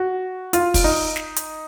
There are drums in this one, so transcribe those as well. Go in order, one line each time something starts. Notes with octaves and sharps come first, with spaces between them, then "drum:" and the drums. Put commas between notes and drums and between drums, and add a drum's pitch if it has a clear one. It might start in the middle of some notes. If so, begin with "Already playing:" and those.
Already playing: F#4
F4, drum: hi-hat
drum: kick, open hi-hat
D#4
drum: snare
drum: hi-hat